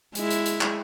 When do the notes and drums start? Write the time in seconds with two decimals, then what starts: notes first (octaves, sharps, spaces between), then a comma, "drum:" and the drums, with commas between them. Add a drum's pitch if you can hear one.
0.15 G#3 E4, drum: hi-hat
0.30 drum: hi-hat
0.46 drum: hi-hat
0.61 drum: clap